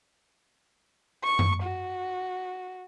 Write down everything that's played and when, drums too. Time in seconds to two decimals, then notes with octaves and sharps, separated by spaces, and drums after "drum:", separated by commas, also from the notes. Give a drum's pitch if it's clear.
1.24 C#6
1.39 drum: tom F#2
1.63 F#4